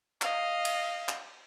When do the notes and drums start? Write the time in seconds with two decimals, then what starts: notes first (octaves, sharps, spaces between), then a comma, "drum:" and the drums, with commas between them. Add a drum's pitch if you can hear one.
0.22 D#5 F5, drum: clap
0.65 drum: cymbal
1.09 drum: clap